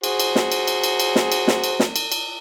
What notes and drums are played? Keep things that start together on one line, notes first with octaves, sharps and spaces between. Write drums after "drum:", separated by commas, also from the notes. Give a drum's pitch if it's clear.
F#4 G#4 C5, drum: cymbal
drum: cymbal
drum: snare
drum: cymbal
drum: cymbal
drum: cymbal
drum: cymbal
drum: snare
drum: cymbal
drum: snare
drum: cymbal
drum: snare
drum: cymbal
drum: cymbal